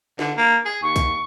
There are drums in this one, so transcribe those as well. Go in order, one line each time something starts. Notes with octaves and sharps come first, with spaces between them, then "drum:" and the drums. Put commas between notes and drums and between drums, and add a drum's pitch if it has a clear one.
D3, drum: snare
A#3
G#4
D#2 C#6
drum: kick, hi-hat